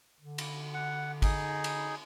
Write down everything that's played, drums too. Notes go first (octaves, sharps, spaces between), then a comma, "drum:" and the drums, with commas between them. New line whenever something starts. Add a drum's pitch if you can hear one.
D3
drum: cymbal
F#5
D#4 G#4, drum: kick G#1, cymbal
drum: cymbal